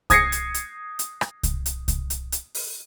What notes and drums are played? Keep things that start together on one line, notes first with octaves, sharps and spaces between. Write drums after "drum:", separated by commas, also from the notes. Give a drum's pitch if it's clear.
D#6 G#6 A#6 C7 C#7, drum: kick C2, hi-hat
drum: hi-hat
drum: hi-hat
drum: hi-hat
drum: rim click
drum: kick C2, hi-hat
drum: hi-hat
drum: kick C2, hi-hat
drum: hi-hat
drum: hi-hat
drum: open hi-hat